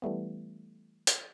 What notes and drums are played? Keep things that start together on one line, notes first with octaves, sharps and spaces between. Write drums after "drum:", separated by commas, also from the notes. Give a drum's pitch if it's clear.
E3 G3 A3 B3
drum: hi-hat